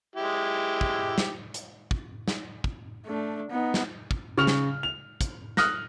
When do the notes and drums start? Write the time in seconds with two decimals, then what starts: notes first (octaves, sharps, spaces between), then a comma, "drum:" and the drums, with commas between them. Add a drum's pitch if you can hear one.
0.16 G#3 E4 G4
0.81 drum: kick
1.18 drum: snare
1.54 drum: hi-hat
1.91 drum: kick
2.28 drum: snare
2.64 drum: kick
3.06 A3 D4
3.50 B3 D#4
3.74 drum: snare
4.11 drum: kick
4.38 C#3 C#6 F6 F7
4.47 drum: snare
4.83 F7
5.21 drum: kick, hi-hat
5.57 D#6 F6 F#6 A#6, drum: snare